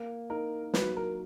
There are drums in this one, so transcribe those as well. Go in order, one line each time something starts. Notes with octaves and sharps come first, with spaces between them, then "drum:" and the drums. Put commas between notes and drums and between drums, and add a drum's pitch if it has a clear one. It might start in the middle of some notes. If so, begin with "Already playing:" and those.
Already playing: A#3
D#4 A#4
F#3 B4, drum: snare
A#4